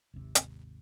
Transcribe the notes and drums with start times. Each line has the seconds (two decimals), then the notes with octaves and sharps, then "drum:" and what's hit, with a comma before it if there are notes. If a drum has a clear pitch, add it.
0.14 G#1 D#2 C3
0.35 drum: hi-hat